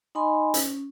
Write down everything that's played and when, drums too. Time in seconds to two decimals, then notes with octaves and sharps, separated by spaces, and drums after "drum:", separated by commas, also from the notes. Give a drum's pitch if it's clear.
0.15 D#4 D#5 G#5 B5 C6
0.54 C#4, drum: hi-hat